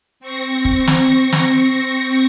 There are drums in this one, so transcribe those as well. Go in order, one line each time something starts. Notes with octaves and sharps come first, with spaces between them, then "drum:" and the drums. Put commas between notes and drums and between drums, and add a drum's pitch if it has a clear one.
C4 C#6 A#6
drum: kick
drum: snare
drum: snare